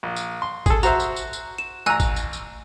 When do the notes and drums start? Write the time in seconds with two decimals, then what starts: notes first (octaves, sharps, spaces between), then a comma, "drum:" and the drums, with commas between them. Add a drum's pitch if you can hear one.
0.03 A#1
0.16 drum: tambourine
0.42 C6
0.66 G#4 A4, drum: kick G#1, tambourine
0.83 F#4 C5 E5 A#5, drum: tambourine
1.00 drum: tambourine
1.16 drum: tambourine
1.33 drum: tambourine
1.58 E7
1.86 A1 G#5 A#5 E6 F#6
2.00 drum: kick G#1, tambourine
2.16 drum: tambourine
2.33 drum: tambourine